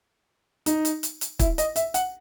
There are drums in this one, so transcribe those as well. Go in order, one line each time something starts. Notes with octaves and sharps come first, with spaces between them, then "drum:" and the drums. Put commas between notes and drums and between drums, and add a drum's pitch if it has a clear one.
D#4, drum: hi-hat
drum: hi-hat
drum: hi-hat
drum: hi-hat
E4, drum: kick, hi-hat
D#5, drum: hi-hat
E5, drum: hi-hat
F#5, drum: hi-hat